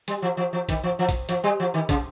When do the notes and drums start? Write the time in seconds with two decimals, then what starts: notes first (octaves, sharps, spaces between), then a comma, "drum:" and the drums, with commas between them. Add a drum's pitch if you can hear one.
0.08 G3, drum: hi-hat
0.22 F3
0.37 F3
0.53 F3
0.69 D#3, drum: kick, hi-hat
0.83 F3
0.99 F3
1.09 drum: kick, hi-hat
1.29 F3, drum: hi-hat
1.44 G3
1.60 F3
1.74 D#3
1.89 C#3, drum: kick, hi-hat